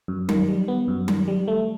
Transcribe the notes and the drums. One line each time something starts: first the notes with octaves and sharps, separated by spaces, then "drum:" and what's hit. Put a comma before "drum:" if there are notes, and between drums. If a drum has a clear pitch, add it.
F#2
D#3, drum: tom F#3
G3
B3
F#2
D#3, drum: tom F#3
G3
A3